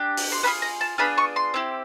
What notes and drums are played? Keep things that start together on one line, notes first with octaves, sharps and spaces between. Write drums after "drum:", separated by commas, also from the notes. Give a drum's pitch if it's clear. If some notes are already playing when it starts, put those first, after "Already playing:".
Already playing: D4 G4
drum: open hi-hat
C6
B3 D4 F4 G#4 B5
A#5
A5
B3 D4 F4 G#4 B5
C#6
C6
C4 E4 G4